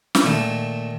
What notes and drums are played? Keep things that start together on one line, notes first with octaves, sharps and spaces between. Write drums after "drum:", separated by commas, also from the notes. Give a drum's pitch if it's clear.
drum: snare
A#2 D#3 A3